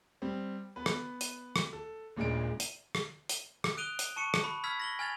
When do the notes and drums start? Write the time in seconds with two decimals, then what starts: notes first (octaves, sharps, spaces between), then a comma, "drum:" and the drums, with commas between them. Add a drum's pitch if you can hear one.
0.22 G3 C4
0.76 B3 B4
0.86 drum: rim click
1.21 drum: hi-hat
1.56 drum: rim click
1.73 A4
2.16 D#1 A#2 C#3 G#3 D4 D7
2.60 drum: hi-hat
2.95 drum: rim click
3.29 drum: hi-hat
3.64 drum: rim click
3.77 D#6 F#6 D7 D#7 F7 G7
3.99 drum: hi-hat
4.16 A5 C#6 C#7 D#7
4.34 drum: rim click
4.44 B5
4.64 B5 E6 F6 G#6 B6
4.80 A#6 F#7 G7
4.99 G#5 F6 G#6 A6 F7